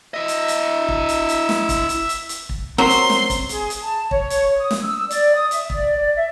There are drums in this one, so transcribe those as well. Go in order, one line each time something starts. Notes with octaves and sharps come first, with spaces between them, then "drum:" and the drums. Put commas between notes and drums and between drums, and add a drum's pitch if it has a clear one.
E4 D#5 E5
drum: hi-hat
drum: hi-hat
drum: kick
drum: hi-hat
drum: hi-hat
drum: snare
drum: kick, hi-hat
drum: hi-hat
drum: hi-hat
drum: hi-hat
drum: kick
F#3 C4 A#4 C6
drum: hi-hat
drum: snare
drum: kick, hi-hat
G#4, drum: hi-hat
drum: hi-hat
A5
C#5, drum: kick
drum: hi-hat
D#6
drum: snare
E6
D5, drum: hi-hat
D#6
E5, drum: hi-hat
D5, drum: kick
D5
E5